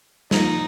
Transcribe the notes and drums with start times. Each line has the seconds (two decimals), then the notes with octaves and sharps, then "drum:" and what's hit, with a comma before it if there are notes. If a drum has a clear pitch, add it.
0.31 F3 A#3 D#4 F4, drum: snare